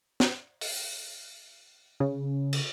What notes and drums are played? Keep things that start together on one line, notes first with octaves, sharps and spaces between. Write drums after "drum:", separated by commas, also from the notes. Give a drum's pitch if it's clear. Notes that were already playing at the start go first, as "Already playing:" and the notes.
drum: snare
drum: open hi-hat
C#3
drum: cymbal